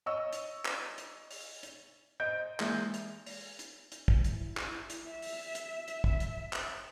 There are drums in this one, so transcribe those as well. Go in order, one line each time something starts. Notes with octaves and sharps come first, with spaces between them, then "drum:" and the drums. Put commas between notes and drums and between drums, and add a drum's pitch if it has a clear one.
C#5 D#5 C#6 E6
drum: hi-hat
drum: clap
drum: hi-hat
drum: open hi-hat
drum: hi-hat
C5 D#5 G6 D7
E3 G#3 A#3 E4, drum: clap
drum: hi-hat
drum: open hi-hat
drum: hi-hat
drum: hi-hat
drum: kick
E4, drum: hi-hat
drum: clap
drum: hi-hat
E5
drum: open hi-hat
drum: hi-hat
drum: hi-hat
drum: kick
drum: hi-hat
drum: clap